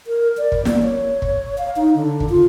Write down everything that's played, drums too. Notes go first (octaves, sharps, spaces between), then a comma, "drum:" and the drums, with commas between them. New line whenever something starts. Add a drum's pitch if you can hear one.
A#4
D5
drum: kick
A#3, drum: snare
C#5
drum: kick
F5
D#4
D3
drum: kick
F4